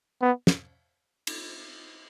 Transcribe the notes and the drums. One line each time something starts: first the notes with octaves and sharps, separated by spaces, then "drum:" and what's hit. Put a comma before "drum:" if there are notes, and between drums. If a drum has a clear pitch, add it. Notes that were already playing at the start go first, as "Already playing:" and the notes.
B3
drum: snare
drum: cymbal